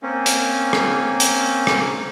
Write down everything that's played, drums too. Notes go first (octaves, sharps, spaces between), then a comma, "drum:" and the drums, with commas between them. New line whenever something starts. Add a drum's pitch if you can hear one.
A#3 C4 C#4
drum: hi-hat
drum: rim click
drum: hi-hat
drum: rim click